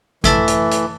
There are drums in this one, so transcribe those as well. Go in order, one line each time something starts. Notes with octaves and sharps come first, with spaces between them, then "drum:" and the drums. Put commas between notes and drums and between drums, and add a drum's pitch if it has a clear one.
E3 A3 E5 A5, drum: kick G#1, hi-hat
drum: hi-hat
drum: hi-hat